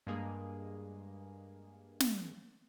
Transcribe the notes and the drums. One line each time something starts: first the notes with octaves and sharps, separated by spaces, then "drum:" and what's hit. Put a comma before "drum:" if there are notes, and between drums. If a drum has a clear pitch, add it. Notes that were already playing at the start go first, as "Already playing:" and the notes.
G2 G#3 A#3 G#4
drum: snare